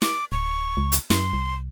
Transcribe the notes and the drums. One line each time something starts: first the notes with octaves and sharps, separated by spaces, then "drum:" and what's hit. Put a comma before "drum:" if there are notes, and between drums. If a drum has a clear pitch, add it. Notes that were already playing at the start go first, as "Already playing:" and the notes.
D6, drum: snare
D1 C#6
C#2
drum: hi-hat
F#2 C6, drum: snare
C2